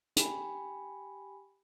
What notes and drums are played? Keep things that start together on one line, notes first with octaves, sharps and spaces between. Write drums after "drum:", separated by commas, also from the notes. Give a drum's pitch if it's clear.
G4 G5 G#5 B5, drum: hi-hat